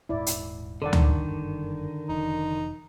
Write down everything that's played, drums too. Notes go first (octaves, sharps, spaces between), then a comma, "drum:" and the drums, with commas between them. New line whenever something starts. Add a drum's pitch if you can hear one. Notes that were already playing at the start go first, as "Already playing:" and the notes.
D#1 G#2 E4 D5
drum: hi-hat
F#1 G2 D3 D#3 A4 D5 F#5
drum: tom D2
F1 E3 F3 D#4